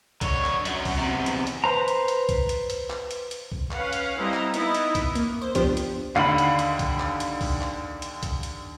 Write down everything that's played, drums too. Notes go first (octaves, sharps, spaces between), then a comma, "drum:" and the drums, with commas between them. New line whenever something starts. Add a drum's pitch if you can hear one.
D3 C#5, drum: kick C2, hi-hat
drum: clap
F#2 F#3, drum: hi-hat
drum: kick C2, open hi-hat
E2 C3
drum: hi-hat
drum: hi-hat
B4 C5 A#5
drum: hi-hat
drum: hi-hat
drum: kick C2, hi-hat
drum: hi-hat
drum: hi-hat
drum: clap
drum: hi-hat
drum: hi-hat
drum: kick C2
C#4 B4 F5 F#5, drum: clap
drum: hi-hat
G3 C4 E4 D#5 A#5
drum: clap
B3 D#4 E4 D#5, drum: hi-hat
drum: hi-hat
drum: kick C2, hi-hat
A#3, drum: hi-hat
C5
F3 B3 D4 G4 C5, drum: kick C2, hi-hat
drum: hi-hat
D#2 D3 F5 F#5 B5, drum: clap
drum: hi-hat
drum: hi-hat
drum: kick C2, hi-hat
drum: clap
drum: hi-hat
drum: kick C2, open hi-hat
drum: clap
drum: hi-hat
drum: kick C2, hi-hat
drum: hi-hat